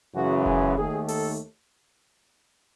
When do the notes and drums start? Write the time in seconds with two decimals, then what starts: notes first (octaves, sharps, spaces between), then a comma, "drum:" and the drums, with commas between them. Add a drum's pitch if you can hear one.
0.15 F#2 C#3 E3 G#3 F#4
0.46 G#4, drum: kick F1
0.77 D#2 D#3 A3 G#4
1.08 A4, drum: open hi-hat